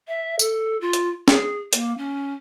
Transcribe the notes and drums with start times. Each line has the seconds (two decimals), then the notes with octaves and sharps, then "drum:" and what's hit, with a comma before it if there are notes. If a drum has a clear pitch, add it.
0.08 E5
0.39 A4, drum: tambourine
0.81 F4
0.93 drum: hi-hat
1.28 G#4, drum: snare
1.73 A#3, drum: hi-hat
1.97 C#4